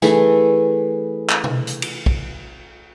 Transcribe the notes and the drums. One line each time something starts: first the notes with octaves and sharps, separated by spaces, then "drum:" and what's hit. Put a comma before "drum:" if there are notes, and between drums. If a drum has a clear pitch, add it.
E3 A3 G#4, drum: snare
drum: clap
drum: tom B2
drum: hi-hat
drum: cymbal
drum: kick